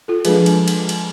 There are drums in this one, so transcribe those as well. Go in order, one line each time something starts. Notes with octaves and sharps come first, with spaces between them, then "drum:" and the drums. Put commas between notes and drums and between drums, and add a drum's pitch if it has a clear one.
F4 A4
F3 G#3 D4 G#4 B4, drum: cymbal
drum: cymbal
drum: cymbal
drum: cymbal